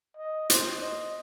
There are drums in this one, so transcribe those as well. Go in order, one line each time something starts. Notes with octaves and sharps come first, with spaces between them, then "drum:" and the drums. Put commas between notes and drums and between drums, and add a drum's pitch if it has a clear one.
D#5
C5, drum: hi-hat
D#5